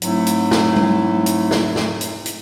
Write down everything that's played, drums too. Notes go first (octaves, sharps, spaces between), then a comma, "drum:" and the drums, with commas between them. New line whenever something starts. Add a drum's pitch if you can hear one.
G#2 F#3 A3 C4 E4, drum: hi-hat
drum: hi-hat
drum: snare
drum: tom G3
drum: hi-hat
drum: snare
drum: snare
drum: hi-hat
drum: hi-hat